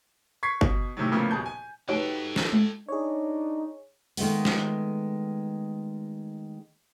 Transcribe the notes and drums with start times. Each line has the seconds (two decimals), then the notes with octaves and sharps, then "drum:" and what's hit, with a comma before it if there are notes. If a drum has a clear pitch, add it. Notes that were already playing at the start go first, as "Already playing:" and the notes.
0.43 C#6 G#6 B6 C7
0.61 B2, drum: kick G1
0.97 A2 C3 D#3 F#3
1.12 A2 C#3 F3 A#3 B3
1.31 D#1 B2 G#4 A5 G6
1.46 G#5
1.89 F#3 D#4 F#4 G4 A4 B4 G5 A5
2.36 drum: snare
2.53 drum: tom G#3
2.89 D4 D#4 G#4 C#5
4.17 D#3 G#3 A3 B3, drum: open hi-hat
4.45 drum: snare